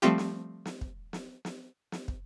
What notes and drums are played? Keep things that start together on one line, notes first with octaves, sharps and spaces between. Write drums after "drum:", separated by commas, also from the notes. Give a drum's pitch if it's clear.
F3 G3 A3 C4 F4 G4
drum: snare
drum: snare
drum: kick
drum: snare
drum: snare
drum: snare
drum: kick